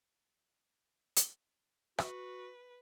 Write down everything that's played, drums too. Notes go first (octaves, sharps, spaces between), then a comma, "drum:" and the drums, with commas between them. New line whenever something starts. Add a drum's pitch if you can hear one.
drum: hi-hat
F#4 B4, drum: rim click